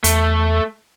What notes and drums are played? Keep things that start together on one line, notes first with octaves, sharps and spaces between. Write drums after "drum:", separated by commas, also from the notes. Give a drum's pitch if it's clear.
E2 A3, drum: hi-hat